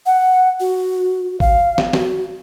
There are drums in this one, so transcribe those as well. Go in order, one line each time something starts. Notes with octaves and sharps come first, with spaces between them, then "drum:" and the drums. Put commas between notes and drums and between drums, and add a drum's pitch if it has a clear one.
F#5
F#4
F5, drum: kick
drum: snare
F#4, drum: snare